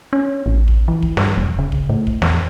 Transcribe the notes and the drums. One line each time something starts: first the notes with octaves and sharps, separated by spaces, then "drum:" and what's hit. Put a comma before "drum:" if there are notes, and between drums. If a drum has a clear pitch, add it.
C#4
A1
drum: kick
E3
drum: kick
G2, drum: snare
E1
C#3
drum: kick
A2
drum: kick
E2, drum: snare